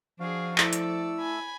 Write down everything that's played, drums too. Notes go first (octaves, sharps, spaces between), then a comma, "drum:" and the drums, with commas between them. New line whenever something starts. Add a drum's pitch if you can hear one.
F3 D4 F#4 G#4 F5
A3 E4 A4 D5 E6, drum: clap
drum: hi-hat
G#5 B5